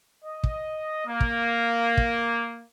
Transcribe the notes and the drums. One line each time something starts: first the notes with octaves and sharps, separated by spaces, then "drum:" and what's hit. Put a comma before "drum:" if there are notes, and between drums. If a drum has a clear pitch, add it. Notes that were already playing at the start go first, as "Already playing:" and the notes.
D#5
drum: kick
A#3
drum: kick
drum: kick